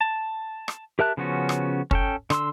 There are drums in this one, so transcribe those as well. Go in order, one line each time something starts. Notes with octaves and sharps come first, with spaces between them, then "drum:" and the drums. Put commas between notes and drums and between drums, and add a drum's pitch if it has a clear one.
A5
drum: rim click
G4 A#4 E5 A5 F#6
C#3 F3 B3 C#4 F#4
drum: rim click
C#4 A4 G5, drum: kick
D3 C6 E6, drum: rim click